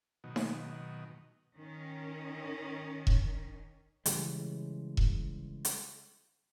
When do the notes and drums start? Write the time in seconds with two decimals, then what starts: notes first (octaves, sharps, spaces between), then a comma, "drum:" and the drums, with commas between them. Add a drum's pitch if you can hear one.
0.24 B2 D#3 F#3
0.36 drum: snare D#4
1.57 D#3 C#4
3.07 drum: kick E1
4.06 C#3 E3 G3 G#3, drum: hi-hat
4.97 drum: kick E1
5.65 drum: hi-hat